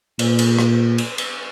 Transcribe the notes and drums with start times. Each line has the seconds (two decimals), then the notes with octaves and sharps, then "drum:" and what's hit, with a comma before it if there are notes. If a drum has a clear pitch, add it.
0.19 A#2, drum: cymbal
0.39 drum: cymbal
0.59 drum: rim click
0.98 drum: cymbal
1.18 drum: cymbal